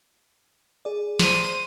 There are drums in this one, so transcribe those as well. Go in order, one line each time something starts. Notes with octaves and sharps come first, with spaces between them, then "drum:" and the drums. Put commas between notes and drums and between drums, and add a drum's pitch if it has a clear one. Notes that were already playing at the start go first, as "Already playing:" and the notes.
G#4 D5
C5 D#7, drum: snare